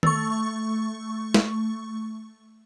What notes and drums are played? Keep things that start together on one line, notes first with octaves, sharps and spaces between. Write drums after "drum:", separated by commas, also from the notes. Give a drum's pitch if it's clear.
A3 C#6, drum: tom D#3
drum: snare